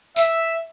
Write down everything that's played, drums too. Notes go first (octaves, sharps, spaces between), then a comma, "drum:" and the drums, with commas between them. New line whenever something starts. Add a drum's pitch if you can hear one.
E5, drum: tambourine